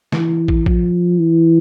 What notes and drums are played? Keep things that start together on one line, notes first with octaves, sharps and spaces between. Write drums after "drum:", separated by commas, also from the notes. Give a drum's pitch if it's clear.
E3, drum: snare
drum: kick
F3, drum: kick
E3